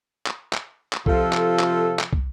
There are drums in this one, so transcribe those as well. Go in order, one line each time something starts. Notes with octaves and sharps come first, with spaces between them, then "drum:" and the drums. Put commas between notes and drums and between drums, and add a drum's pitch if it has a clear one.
drum: clap
drum: clap
drum: clap
C3 F3 F4 A4, drum: kick
drum: clap
drum: clap
drum: clap
drum: kick